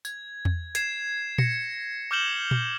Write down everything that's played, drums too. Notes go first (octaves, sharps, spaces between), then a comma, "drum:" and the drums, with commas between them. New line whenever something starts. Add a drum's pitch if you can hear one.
G#6, drum: tambourine
drum: tom E2
G#6 C7 E7, drum: hi-hat
A#6 C#7, drum: tom A#2
D6 F6 G6 E7 F#7 G7
drum: tom A#2